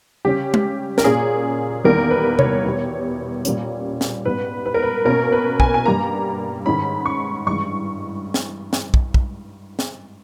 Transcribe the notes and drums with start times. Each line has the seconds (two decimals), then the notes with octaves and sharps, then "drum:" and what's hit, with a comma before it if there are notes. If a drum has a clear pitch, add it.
0.25 C#3 G3 C#4 G4
0.54 drum: tom G#3
0.98 A#4, drum: snare
1.04 A#2 A#3 C#4 G#4
1.84 E2 D#3 G3 A#3 A#4
2.11 B4
2.39 C#5, drum: tom C3
2.64 E2 B2 G3
3.45 A#2 G3 A#3 C#4, drum: hi-hat
4.01 drum: snare
4.25 G#2 G3 B3 B4
4.66 B4
4.74 A#4
4.83 B4
5.05 B2 A#3 C#4 A#4
5.32 B4
5.60 G#5, drum: kick
5.74 G#5
5.85 G2 G3 A#3 A#5
6.66 G#2 D#3 G#3 C#4 B5
7.06 C#6
7.47 G2 E3 G#3 C#6
8.34 drum: snare
8.73 drum: snare
8.94 drum: kick
9.14 drum: kick
9.79 drum: snare